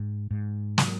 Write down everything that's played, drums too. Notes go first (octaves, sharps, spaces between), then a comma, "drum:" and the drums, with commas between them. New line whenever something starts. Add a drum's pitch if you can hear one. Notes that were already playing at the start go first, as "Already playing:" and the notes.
Already playing: G#2
G#2
F#3, drum: snare